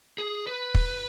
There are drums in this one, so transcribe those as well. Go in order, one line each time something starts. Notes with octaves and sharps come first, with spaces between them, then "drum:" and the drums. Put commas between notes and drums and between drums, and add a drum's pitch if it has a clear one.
G#4
B4
drum: kick